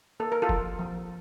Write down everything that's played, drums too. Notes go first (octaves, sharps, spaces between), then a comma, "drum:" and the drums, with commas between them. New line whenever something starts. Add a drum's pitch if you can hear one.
A#3 A4
A#4
F4 A4
F3, drum: kick
F3